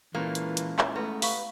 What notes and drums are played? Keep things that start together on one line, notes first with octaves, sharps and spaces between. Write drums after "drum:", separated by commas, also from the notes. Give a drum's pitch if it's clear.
A#2 E3 G#3 A#3 C#4 A4
drum: hi-hat
drum: hi-hat
drum: clap
A3 B3 E4 B4
G4 B4 F5 B5 C#6, drum: open hi-hat